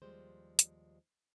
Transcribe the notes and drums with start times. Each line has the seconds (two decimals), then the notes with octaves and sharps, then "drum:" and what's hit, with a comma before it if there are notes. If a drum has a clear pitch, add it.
0.02 D#2 F3 G3 G#3 C5
0.59 drum: hi-hat